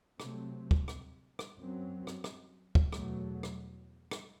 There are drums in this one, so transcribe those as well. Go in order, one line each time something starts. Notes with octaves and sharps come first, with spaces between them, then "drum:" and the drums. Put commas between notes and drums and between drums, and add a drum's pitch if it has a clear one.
C3 F#3 A3 C4, drum: rim click
drum: kick
drum: rim click
drum: rim click
F#2 F#3 C4
drum: rim click
drum: rim click
drum: kick
E2 B2 F#3 A3, drum: rim click
drum: rim click
drum: rim click